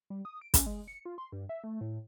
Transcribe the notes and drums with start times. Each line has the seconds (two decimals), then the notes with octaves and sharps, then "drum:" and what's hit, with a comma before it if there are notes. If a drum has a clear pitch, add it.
0.10 G3
0.25 D#6
0.41 D7
0.54 C#4, drum: kick, hi-hat
0.66 G#3
0.88 C#7
1.05 F4
1.18 C6
1.32 G2
1.49 E5
1.64 A3
1.81 A2